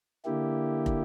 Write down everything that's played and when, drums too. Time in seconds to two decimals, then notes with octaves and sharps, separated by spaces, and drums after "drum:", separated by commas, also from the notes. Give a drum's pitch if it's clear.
0.25 D3 A#3 E4 G4
0.86 drum: kick